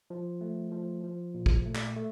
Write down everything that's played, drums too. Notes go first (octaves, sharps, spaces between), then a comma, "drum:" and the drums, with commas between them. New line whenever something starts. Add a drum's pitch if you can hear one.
F3
A3
F3
F3
A#2
drum: kick
A3
drum: clap
A3